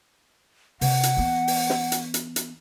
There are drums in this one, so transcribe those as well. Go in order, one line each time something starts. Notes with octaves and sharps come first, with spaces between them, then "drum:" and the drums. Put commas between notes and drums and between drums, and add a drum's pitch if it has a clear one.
C3 F#5, drum: open hi-hat
drum: hi-hat
E3 B3
drum: open hi-hat
drum: snare
drum: hi-hat
drum: hi-hat
drum: hi-hat